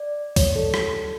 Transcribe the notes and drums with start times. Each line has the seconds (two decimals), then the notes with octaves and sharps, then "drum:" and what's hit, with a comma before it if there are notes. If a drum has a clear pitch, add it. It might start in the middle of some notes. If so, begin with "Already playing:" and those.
Already playing: D5
0.36 C#5, drum: kick, open hi-hat
0.56 A4
0.74 drum: rim click